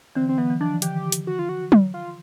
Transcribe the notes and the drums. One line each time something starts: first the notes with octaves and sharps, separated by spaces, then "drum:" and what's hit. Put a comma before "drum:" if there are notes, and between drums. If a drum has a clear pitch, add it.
D3 E3 C4
C4
E3 F#3 B3
E3
D#3 F3 D4
D3 E3 G4, drum: hi-hat
drum: hi-hat
F#4
F4
F#4
drum: tom F#3
F4